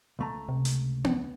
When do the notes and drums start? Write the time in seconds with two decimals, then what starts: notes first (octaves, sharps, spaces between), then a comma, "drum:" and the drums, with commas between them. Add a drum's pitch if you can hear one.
0.19 C#2 A3 A#5
0.49 C3
0.65 drum: hi-hat
1.04 drum: tom B3